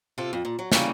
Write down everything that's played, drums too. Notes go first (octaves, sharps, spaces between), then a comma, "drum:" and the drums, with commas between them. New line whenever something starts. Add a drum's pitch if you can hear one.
C3 F4 A4
F2
A#2
F#3
C#3 E3 G3 A#3 C#4, drum: snare